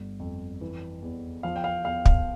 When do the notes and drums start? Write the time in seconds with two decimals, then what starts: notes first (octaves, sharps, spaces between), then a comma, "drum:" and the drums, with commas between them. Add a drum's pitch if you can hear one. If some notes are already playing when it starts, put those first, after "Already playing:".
Already playing: G1
0.20 F2
0.61 E3
1.02 E2
1.43 F3 F5
1.56 G5
1.64 F5
1.85 E2 F5
2.06 F5, drum: kick